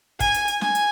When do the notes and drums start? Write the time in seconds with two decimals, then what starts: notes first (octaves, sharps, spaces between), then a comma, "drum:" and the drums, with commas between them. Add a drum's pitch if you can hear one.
0.20 G#5, drum: kick, hi-hat
0.34 drum: hi-hat
0.48 drum: hi-hat
0.61 G#5, drum: snare
0.75 drum: hi-hat